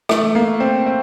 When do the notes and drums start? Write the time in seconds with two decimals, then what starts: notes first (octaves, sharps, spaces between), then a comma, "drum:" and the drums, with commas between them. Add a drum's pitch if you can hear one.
0.09 A3, drum: rim click
0.35 A#3
0.60 C4
0.86 C4